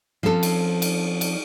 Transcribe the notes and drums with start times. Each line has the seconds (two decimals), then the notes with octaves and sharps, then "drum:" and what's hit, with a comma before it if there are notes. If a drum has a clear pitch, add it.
0.23 F3 C4 C#4 A4
0.43 drum: cymbal
0.82 drum: cymbal
1.21 drum: cymbal